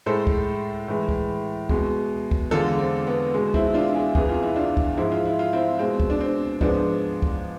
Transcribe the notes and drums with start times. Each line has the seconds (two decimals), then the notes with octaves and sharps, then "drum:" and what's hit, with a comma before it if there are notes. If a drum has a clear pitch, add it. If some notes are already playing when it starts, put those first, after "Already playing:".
0.06 A2 G#3 A4 C5
0.27 drum: kick
0.88 A2 E3 G#3
1.09 drum: kick
1.69 B2 G#3, drum: kick
2.31 drum: kick
2.51 E2 D3 G#3 F4 A4
2.79 C4
3.07 B3
3.34 B2 G#3
3.54 C4 E4, drum: kick
3.67 E4
3.74 D4 F4
3.95 E4 G#4
4.15 E2 C3 E3 G#4, drum: kick
4.29 F4
4.43 E4
4.56 D4 F4
4.77 drum: kick
4.97 G#2 F3 G#3 E4
5.12 F4
5.25 E4
5.39 F4
5.53 C4 E4
5.79 B2 G#3 C4
6.00 drum: kick
6.10 D4
6.21 C4
6.61 G#2 F3 G#3 B3 D4, drum: kick
7.22 drum: kick